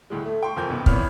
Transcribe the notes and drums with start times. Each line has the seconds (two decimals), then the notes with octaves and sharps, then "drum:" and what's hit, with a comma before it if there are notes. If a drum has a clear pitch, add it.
0.10 D2 A2 G#3
0.26 A3
0.43 G5 C6 C#6
0.56 F2 C3 F3 A#4 G#5 G6
0.70 B1 C3 B3
0.86 G#1 E3 B3 C#5 B5 F6, drum: kick